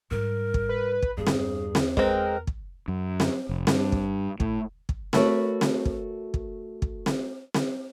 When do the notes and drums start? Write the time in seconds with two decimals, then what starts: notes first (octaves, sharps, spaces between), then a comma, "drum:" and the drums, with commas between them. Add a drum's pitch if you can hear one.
0.11 G#2 G3 A#4
0.54 drum: kick
0.69 B4
1.02 drum: kick
1.18 E2 G2 G#4
1.27 drum: snare C4
1.75 drum: snare C4
1.97 G#3 C4 A#4 B4, drum: kick
2.47 drum: kick
2.88 F#2
3.20 drum: snare C4
3.49 F1
3.67 G2, drum: snare C4
3.92 drum: kick
4.40 A2, drum: kick
4.89 drum: kick
5.13 A3 F#4 A#4 B4 C#5, drum: snare C4
5.61 drum: snare C4
5.85 drum: kick
6.34 drum: kick
6.82 drum: kick
7.06 drum: snare C4
7.54 drum: snare C4